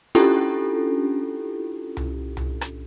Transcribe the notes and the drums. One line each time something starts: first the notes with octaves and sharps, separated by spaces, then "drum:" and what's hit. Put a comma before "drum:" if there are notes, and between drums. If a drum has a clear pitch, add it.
C#4 D4 E4 F4 G4 A4, drum: hi-hat
drum: tom C2
drum: tom C2
drum: rim click